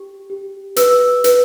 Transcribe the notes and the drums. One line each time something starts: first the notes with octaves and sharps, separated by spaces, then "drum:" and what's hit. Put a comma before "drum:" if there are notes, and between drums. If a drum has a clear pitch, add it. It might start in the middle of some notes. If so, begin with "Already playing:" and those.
Already playing: G4
G4
B4 E6, drum: hi-hat
B4, drum: hi-hat